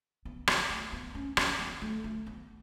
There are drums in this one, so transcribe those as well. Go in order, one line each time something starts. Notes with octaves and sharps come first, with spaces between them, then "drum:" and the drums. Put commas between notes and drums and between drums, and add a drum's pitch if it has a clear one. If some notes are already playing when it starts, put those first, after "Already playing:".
B3
B3, drum: rim click
A3
B3
C#4
C#4, drum: rim click
B3
A3
A3
B3